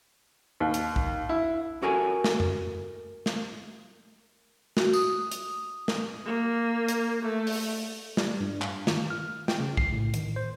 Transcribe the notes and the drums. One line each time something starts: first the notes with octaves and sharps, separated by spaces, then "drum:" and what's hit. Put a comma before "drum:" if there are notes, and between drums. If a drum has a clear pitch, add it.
D#2
drum: hi-hat
drum: kick B1
E4
F#4 A4 A#4 F#5 G#5
drum: snare
drum: tom F2
drum: snare
F#4, drum: snare
D#6, drum: tambourine
drum: hi-hat
drum: snare
A#3
drum: hi-hat
A3
drum: open hi-hat
G3, drum: snare
G2
F5, drum: clap
D#3, drum: snare
F6
G5, drum: snare
C#3
C7, drum: kick B1
A2
D#3, drum: hi-hat
C5